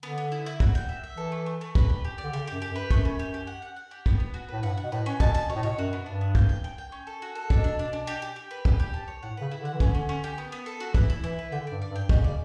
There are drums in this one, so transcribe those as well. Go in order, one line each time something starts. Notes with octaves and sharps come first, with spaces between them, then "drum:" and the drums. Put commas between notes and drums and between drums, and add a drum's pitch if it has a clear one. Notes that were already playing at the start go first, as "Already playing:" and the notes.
D3 B3
B3
E4
E4
F#4, drum: kick
G5
E5
E5
E3 A4
A3
A3
A3
B4, drum: kick
G4
G4
D5
D3
C#3 G4
F#2 G4
G4
F#2
B4
F#2 A3, drum: kick
C#4
G4
G4
F#5
F#5
F#5
G4
B3, drum: kick
B3
F#4
A2 B4
G2 F#5
F#5
B2
A2 B4
C#4
B2 A5, drum: kick
A5
B2 C#5
A2
B2 C#5
F#2 F#4
B3
G2 D4
B3
G5, drum: kick
G5
G5
G5
C#4
A4
F#4
A4
B2 D4, drum: kick
D4
D4
D4
G4
G4
G4
B4
G4, drum: kick
G4
A5
C#5
A2 F#5
C#3 B4
E4
D3 F#5
E3
C#4, drum: kick
D3
C#4
C#4
G4
B3
B3
A4
F#4
E3 E4, drum: kick
E4
E3 E4
B4
D3 G5
G2 D5
D5
G2
G5
B2 C#4, drum: kick
C#3 D5